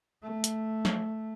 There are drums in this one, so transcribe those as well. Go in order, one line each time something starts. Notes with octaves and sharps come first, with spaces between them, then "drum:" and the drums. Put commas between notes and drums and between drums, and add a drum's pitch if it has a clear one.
A3
drum: hi-hat
drum: snare